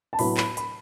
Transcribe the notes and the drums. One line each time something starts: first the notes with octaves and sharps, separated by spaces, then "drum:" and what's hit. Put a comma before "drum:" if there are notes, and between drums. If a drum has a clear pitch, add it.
A5
A2 F#3 B3 B5, drum: open hi-hat
B5, drum: clap
B5, drum: hi-hat